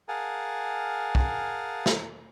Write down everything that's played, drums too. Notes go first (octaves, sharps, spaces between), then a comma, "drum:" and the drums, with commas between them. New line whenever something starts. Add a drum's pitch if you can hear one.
G#4 A#4 F5 F#5 G#5 A5
drum: kick
drum: snare